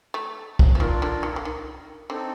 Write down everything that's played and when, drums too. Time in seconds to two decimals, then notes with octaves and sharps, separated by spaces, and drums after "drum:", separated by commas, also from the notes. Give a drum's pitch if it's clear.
0.14 A3
0.59 drum: kick
0.75 F3
0.80 D#3 D4 F4 A#4
1.02 D3
1.23 D#3
1.36 D3
1.45 D#3
2.10 D3 C4 D#4 A4